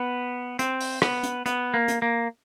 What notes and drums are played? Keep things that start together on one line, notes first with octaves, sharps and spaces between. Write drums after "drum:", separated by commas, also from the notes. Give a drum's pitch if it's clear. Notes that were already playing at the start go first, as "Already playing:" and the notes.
Already playing: B3
C4, drum: hi-hat
drum: open hi-hat
B3, drum: rim click
drum: hi-hat
B3, drum: hi-hat
A#3
drum: hi-hat
A#3